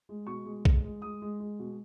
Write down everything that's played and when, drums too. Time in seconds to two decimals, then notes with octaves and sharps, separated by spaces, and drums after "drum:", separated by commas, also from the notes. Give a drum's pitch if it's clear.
0.09 G#3
0.27 B2 C#6
0.45 G#3
0.65 G#3, drum: kick B1
0.84 G#3
1.02 G#3 D#6
1.22 G#3
1.40 G#3
1.59 B2